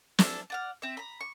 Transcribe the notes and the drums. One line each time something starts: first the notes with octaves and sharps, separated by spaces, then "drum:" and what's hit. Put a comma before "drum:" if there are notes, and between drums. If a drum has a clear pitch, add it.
D4 E4 A4, drum: snare
D5 F#5 F6
C4 E5
A#5 B5
C#6